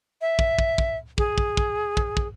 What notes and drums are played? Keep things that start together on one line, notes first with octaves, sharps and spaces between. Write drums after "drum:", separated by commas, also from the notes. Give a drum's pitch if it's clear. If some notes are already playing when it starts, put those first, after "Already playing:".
E5
drum: kick
drum: kick
drum: kick
G#4, drum: kick
drum: kick
drum: kick
drum: kick
drum: kick